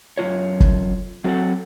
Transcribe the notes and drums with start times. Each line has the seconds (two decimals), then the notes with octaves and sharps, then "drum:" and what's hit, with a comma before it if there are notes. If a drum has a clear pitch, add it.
0.17 F#2 F3 F4 C#5
0.60 drum: kick
1.24 F#3 C4 F#4 G4 A4 F#5